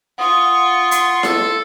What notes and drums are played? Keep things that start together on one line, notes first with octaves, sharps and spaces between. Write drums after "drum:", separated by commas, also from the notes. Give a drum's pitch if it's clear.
F4 F#5 C#6 D#6
C6, drum: hi-hat
A4, drum: snare E4